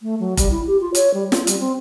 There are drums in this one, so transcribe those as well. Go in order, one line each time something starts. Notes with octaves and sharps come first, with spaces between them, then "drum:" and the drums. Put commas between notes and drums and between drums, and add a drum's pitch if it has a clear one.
A3
F#3
G3, drum: kick F1, hi-hat
E4
G4
F4
C#5, drum: hi-hat
G3
F4, drum: snare
G3, drum: hi-hat
C4